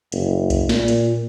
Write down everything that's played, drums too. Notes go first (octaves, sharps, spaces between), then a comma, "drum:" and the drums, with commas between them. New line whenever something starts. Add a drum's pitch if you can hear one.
F#1, drum: hi-hat
drum: kick B1, hi-hat
A#2, drum: snare
drum: hi-hat